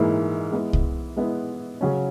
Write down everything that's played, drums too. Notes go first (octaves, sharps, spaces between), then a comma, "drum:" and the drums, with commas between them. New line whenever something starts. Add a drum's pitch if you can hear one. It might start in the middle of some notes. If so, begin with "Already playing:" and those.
Already playing: G#2 E3 A#3 E4
G#3 B3 E4 B4
drum: kick C2
G#3 B3 E4 B4
C#3 F#3 C#4